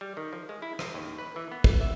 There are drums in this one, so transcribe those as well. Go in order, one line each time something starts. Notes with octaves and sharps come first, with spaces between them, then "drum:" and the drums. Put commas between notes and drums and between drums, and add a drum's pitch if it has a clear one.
G3
D#3
F3
G#3
E4
F3, drum: rim click
D#2
B4
E3
B3
drum: kick
E5